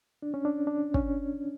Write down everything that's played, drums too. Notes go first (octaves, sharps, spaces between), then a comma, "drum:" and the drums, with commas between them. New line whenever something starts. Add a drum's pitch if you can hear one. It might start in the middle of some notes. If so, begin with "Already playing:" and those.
D4
C#4
D4
D4
C#4, drum: kick